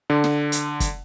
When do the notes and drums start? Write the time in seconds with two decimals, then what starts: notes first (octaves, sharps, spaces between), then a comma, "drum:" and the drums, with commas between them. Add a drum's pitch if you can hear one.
0.10 D3
0.24 drum: snare
0.52 drum: hi-hat
0.80 drum: kick, hi-hat